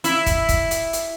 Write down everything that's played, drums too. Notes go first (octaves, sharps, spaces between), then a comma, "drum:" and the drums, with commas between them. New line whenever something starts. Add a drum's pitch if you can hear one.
E4, drum: hi-hat
drum: kick, hi-hat
drum: kick, hi-hat
drum: hi-hat
drum: hi-hat